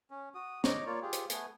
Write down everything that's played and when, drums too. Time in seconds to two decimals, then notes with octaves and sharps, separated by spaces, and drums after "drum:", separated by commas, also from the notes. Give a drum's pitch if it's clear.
0.11 C#4
0.35 F#4 D#6
0.64 D#4 C#5 A#5 D6, drum: snare
0.86 A#3 F4 C#5 D5
1.02 F4 G4 G#4
1.13 drum: hi-hat
1.30 A3 B3 G#5, drum: hi-hat